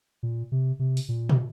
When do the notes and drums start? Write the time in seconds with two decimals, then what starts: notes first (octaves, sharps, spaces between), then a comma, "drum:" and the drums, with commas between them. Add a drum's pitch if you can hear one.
0.23 A#2
0.52 C3
0.79 C3
0.97 drum: open hi-hat
1.09 A#2
1.29 drum: tom